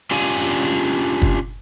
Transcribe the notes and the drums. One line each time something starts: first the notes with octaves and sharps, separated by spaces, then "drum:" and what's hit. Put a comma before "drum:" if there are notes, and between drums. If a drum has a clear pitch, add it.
C#4 D4 F4 G4 F5 G#5
drum: kick